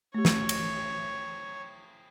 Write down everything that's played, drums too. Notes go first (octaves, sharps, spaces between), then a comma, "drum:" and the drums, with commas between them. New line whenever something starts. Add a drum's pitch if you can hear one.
A3 G4 C#5
drum: snare
drum: cymbal